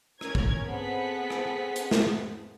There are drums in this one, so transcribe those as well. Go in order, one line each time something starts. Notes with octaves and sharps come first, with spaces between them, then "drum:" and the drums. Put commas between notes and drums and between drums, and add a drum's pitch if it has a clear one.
C#4 A#4 G#6, drum: rim click
drum: kick
B3 C4 G#4 A4 F#5 B6
drum: rim click
drum: hi-hat
drum: snare